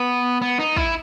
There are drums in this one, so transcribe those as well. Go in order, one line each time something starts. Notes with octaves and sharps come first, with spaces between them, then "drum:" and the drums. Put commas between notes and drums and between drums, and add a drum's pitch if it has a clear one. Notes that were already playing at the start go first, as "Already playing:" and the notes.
Already playing: B3
B3
D#4
E4, drum: kick